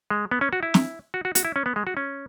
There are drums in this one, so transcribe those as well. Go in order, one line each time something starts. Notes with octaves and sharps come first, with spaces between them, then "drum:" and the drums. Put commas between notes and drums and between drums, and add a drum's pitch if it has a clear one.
G#3
B3
C#4
F#4
E4
drum: snare
F#4
F#4
F#4, drum: hi-hat
E4
C#4
B3
G#3
F#4
C#4